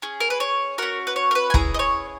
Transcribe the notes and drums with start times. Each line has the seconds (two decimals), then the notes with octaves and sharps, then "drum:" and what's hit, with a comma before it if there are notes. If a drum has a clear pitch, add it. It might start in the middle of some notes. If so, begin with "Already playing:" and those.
0.02 C#4 G#4
0.20 A#4
0.30 B4
0.40 C#5
0.78 C#4 F#4 A#4
1.07 B4
1.16 C#5
1.31 A#4
1.35 B4
1.50 G#5
1.54 C#4 E4 G#4 A#5, drum: kick
1.74 D#5
1.79 C#5